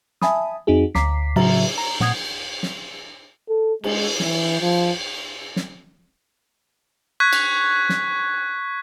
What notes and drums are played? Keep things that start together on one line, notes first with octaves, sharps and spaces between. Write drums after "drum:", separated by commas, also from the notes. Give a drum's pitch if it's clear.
E5 G#5 A5 B5 D#6, drum: snare
F2 C4 D#4 F#4 G#4
D2 A#5 D6 B6 C7, drum: snare
A2 C#3 F#3 F#4 E5 A#5, drum: cymbal
A#5
A#2 F#5 D#6 G#6, drum: snare
drum: snare
A4
G#3, drum: cymbal
E3, drum: snare
F3
drum: snare
C#6 F#6 G#6 B6
drum: cymbal
drum: snare